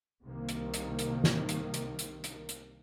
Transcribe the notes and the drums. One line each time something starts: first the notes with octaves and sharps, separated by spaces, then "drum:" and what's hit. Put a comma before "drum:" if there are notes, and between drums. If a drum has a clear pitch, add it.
C2 C3 D#3 A#3
drum: hi-hat
drum: hi-hat
drum: hi-hat
drum: snare
drum: hi-hat
drum: hi-hat
drum: hi-hat
drum: hi-hat
drum: hi-hat